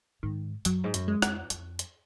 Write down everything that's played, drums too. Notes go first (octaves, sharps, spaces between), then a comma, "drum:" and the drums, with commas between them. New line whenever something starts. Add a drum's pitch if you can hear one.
G#2 D#3
F#2 F#3, drum: hi-hat
G#2
F#2, drum: hi-hat
G#3
F2, drum: rim click
F2, drum: hi-hat
drum: hi-hat